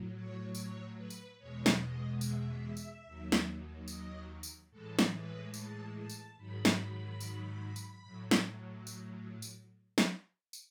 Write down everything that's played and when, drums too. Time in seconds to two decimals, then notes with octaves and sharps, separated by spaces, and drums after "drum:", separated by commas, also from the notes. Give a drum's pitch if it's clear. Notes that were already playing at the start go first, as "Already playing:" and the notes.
Already playing: A2 F#3
0.14 C#5
0.55 C#5, drum: tambourine
0.96 B4
1.10 drum: tambourine
1.38 E2 B2 G#3 C#5
1.66 drum: snare
1.80 D#5
2.21 E5, drum: tambourine
2.77 drum: tambourine
3.05 D#2 D#3 F#3
3.32 drum: snare
3.88 D#5, drum: tambourine
4.43 drum: tambourine
4.71 A2 E3 G#3 A4
4.99 drum: snare
5.13 B4
5.54 A5, drum: tambourine
5.96 A5
6.10 drum: tambourine
6.37 G#2 D#3 F#3 B5
6.65 drum: snare
7.20 drum: tambourine
7.76 drum: tambourine
8.04 A2 F#3
8.31 drum: snare
8.87 drum: tambourine
9.42 drum: tambourine
9.98 drum: snare
10.53 drum: tambourine